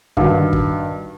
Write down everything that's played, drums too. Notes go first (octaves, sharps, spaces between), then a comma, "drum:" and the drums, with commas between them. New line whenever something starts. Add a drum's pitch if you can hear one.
G2 D#3 F#4, drum: kick
drum: kick